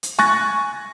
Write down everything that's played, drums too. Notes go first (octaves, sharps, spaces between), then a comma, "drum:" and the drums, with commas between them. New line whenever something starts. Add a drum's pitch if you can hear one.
drum: hi-hat
G#5 C#6 F#6 A6 A#6, drum: snare